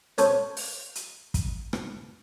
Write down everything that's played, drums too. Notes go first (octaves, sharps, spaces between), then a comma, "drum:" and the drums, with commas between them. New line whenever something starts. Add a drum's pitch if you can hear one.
A4 C5 C#5, drum: hi-hat
drum: open hi-hat
drum: hi-hat
drum: kick, hi-hat
drum: rim click